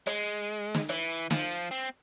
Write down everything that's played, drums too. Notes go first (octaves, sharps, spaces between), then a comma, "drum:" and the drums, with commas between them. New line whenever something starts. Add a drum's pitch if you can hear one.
G#3, drum: hi-hat
drum: snare
E3, drum: hi-hat
F3, drum: snare
C4